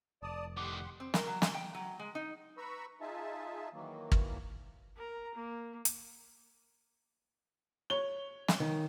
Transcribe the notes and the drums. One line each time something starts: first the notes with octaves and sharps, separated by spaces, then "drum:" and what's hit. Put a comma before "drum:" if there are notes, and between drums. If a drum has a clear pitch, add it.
F1 D5 A5 D#6
A2 D#3 G4 F#5 C6 D6
C4
A#4, drum: snare
F#3
G#5, drum: snare
G5
F#3
G#3
D#4
B4 A#5 B5 C#6 E6
D#4 F4 G#4 E5 A5
D#3 E3 F#3 A#3
drum: kick
A#4 A#5
A#3
drum: hi-hat
C#5 G7
drum: snare
D#3